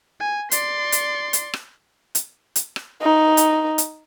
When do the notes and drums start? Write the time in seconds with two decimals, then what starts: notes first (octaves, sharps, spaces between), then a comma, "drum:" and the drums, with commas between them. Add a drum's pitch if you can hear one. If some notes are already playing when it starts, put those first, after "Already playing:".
0.20 G#5
0.51 D5 C6, drum: hi-hat
0.92 drum: hi-hat
1.33 drum: hi-hat
1.54 drum: rim click
2.15 drum: hi-hat
2.56 drum: hi-hat
2.76 drum: rim click
3.02 D#4
3.37 drum: hi-hat
3.78 drum: hi-hat